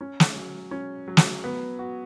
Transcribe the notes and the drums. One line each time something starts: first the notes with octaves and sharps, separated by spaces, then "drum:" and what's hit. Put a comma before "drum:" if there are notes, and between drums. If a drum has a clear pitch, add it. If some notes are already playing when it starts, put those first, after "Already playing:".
C#4
drum: snare
F#3
C#4
F#3
drum: snare
B3
F#4